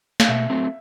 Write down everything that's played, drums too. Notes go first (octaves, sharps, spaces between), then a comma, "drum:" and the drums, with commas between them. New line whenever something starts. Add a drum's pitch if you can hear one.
F5, drum: snare
B2 E5
F#3 A3 C4